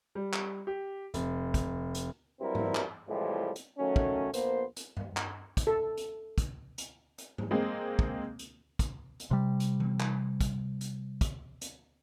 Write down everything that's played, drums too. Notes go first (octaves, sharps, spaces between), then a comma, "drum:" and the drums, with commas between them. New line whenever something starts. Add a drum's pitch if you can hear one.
G3
drum: clap
G4
F1, drum: hi-hat
drum: kick, hi-hat
drum: hi-hat
G2 F#3 G3 C4 E4 A#4
drum: tom G#2
drum: clap
C2 A2 E3 F3 G3 G#3
drum: hi-hat
D#3 F#3 A3 C#4
drum: kick
A#1 A#3 B3 C5, drum: hi-hat
drum: hi-hat
drum: tom G2
drum: clap
drum: kick, hi-hat
A4
drum: hi-hat
drum: kick, hi-hat
drum: hi-hat
drum: hi-hat
drum: tom G#2
G#3 A#3 C4
drum: kick
drum: hi-hat
drum: kick, hi-hat
drum: hi-hat
C3 G3
drum: hi-hat
drum: tom E3
drum: clap
drum: kick, hi-hat
drum: hi-hat
drum: kick, hi-hat
drum: hi-hat